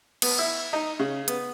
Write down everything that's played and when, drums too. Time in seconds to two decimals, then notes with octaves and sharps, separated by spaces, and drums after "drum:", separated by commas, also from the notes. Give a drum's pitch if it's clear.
0.22 B3, drum: cymbal
0.38 E4
0.73 D#4
0.99 C#3
1.28 B3, drum: hi-hat